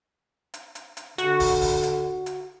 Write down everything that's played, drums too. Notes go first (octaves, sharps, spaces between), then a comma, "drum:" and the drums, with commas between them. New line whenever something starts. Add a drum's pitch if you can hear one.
drum: hi-hat
drum: hi-hat
drum: hi-hat
D3 F#4, drum: hi-hat
drum: kick, open hi-hat
drum: kick, open hi-hat
drum: hi-hat
drum: hi-hat